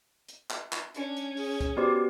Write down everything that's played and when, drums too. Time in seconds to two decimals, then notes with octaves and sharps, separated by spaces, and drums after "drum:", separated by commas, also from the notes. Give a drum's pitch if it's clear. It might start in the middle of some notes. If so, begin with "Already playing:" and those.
0.29 drum: hi-hat
0.51 drum: clap
0.73 drum: clap
0.95 C#4 D4, drum: hi-hat
1.17 drum: hi-hat
1.37 G#4, drum: open hi-hat
1.61 drum: kick, hi-hat
1.77 B3 F#4 G4 B4 C5 D5